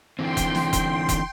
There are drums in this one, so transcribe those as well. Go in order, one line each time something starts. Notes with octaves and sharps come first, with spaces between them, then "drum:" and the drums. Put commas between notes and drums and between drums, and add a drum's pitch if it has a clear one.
D3 E3 C4 G5 C6
drum: kick E1, hi-hat
drum: snare
drum: kick E1, hi-hat
drum: kick E1, hi-hat